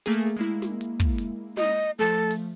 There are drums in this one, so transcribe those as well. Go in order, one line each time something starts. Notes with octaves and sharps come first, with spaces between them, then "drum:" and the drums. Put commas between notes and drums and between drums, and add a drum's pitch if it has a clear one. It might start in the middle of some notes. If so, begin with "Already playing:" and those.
A3 A#3 G#4, drum: open hi-hat
G#3 A#3 E4
drum: snare
drum: hi-hat
drum: kick
drum: hi-hat
D#5, drum: snare
F3 A3 A4
drum: open hi-hat